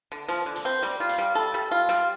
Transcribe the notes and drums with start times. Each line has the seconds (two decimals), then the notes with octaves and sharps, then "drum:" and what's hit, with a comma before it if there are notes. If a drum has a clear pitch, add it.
0.12 D3
0.28 F3, drum: hi-hat
0.46 D3
0.56 drum: hi-hat
0.65 C4
0.83 G3, drum: hi-hat
1.00 F4
1.09 drum: hi-hat
1.18 G3
1.35 A4, drum: hi-hat
1.54 G3
1.71 F4
1.89 G3, drum: hi-hat